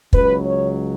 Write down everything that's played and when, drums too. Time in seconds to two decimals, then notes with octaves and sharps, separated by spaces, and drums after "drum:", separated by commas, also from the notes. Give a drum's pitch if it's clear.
0.13 C#2 C#3 F#3 B4, drum: kick
0.44 C#5